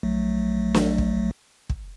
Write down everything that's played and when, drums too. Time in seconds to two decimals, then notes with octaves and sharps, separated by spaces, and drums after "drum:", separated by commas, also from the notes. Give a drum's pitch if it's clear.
0.03 A#1 F#3 A3
0.74 drum: snare
0.98 drum: kick
1.70 drum: kick